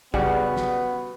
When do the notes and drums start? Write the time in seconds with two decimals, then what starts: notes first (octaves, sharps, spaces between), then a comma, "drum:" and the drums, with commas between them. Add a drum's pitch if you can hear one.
0.14 C#3 G3 B3 F#4, drum: kick
0.57 drum: snare